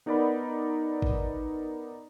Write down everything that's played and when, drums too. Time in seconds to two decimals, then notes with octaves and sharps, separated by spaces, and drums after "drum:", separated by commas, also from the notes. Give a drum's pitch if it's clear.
0.06 B3 D#4 A#4 D5 F#5 B5
1.02 drum: kick G#1